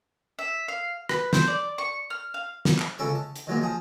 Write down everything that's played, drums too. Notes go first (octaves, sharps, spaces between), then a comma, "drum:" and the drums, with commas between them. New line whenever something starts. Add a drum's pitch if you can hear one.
E5
F5
B4, drum: rim click
C5, drum: snare
D5
C#6
F6
F5
drum: snare
drum: clap
C#2 C#3 C#4 A4 D6
A5
drum: hi-hat
D#3 F#3 G#3 A#3
F3 G#4